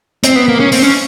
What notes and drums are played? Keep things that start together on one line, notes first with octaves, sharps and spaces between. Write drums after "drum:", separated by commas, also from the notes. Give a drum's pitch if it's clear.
C4, drum: hi-hat
B3
A#3
C#4
C4, drum: open hi-hat
C#4